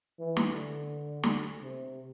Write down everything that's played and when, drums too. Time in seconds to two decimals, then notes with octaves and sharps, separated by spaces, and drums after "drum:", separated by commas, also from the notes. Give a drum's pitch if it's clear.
0.19 E3
0.37 drum: snare
0.52 D3
1.23 drum: snare
1.62 C3